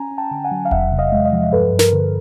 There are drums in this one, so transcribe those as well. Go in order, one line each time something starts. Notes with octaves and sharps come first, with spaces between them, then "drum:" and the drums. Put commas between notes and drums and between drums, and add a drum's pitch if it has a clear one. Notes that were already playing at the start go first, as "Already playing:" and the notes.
Already playing: C#4 G#5 A#5
C#4
G5 A5
D3
F#5 G#5
F#3
F5
E2 E5 F#5, drum: kick D#1
C3
D#5 F5
G#3
D#5 F5
F3
G2 A4 B4
G2
A#4, drum: snare
D3